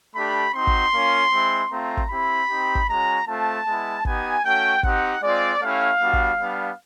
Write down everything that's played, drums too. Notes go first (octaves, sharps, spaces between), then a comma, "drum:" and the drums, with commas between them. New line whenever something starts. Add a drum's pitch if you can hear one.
A3 D4 G4 B5
C4 D#4 F#4 C6
drum: kick
A#3 C#4 F4
G#3 C4 E4
A3 C4 F4 A#5
drum: kick
C4 E4 G4 B5
C4 D#4 G4
drum: kick
G#3 C#4 F#4 A#5
A3 C4 F4 A5
G#3 B3 E4
B3 D#4 G4 G#5, drum: kick
A3 C#4 F#4 G5
C4 D#4 G4 F#5, drum: kick
G#3 C4 F4 D5
A3 C#4 E4 G4 F5
G3 B3 D4 F#4
drum: kick
G3 B3 D4